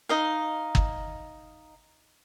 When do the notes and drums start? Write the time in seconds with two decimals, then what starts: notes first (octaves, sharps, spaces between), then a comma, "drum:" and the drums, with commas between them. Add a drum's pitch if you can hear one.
0.09 D#4 D#5 F5
0.75 drum: kick